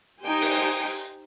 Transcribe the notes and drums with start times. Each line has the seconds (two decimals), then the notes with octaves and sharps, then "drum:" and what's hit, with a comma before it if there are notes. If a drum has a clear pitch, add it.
0.23 D#4 G4 C5 G5 G#5
0.41 drum: open hi-hat